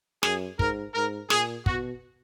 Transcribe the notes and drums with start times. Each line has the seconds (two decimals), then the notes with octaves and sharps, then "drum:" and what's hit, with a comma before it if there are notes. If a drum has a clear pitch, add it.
0.23 F#2 G#4, drum: snare
0.59 G#2 A#4, drum: kick
0.94 G#2 A#4
1.30 A#2 G#4, drum: snare
1.66 B2 F#4, drum: kick